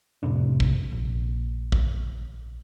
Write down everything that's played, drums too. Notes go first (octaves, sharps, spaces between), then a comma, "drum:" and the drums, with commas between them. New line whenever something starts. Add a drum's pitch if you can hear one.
F1 A2 C3 D4
drum: kick
A#1
drum: kick